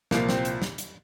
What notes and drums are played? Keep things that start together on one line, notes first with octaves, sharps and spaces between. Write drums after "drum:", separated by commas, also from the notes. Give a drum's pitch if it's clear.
C2 A#2 F3 A#3, drum: snare
C4, drum: snare
drum: hi-hat
drum: snare
drum: hi-hat